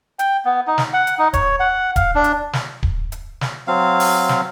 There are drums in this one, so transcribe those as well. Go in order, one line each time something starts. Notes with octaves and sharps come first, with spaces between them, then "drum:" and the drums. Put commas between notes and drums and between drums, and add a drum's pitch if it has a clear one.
G5, drum: hi-hat
B3
D#4
drum: snare
F#5
drum: hi-hat
D#4
C#5, drum: kick D1, hi-hat
F#5
F5, drum: kick D1, hi-hat
D4
drum: hi-hat
drum: snare
drum: kick D1
drum: hi-hat
drum: snare
F#3 C4 F5
drum: open hi-hat
drum: snare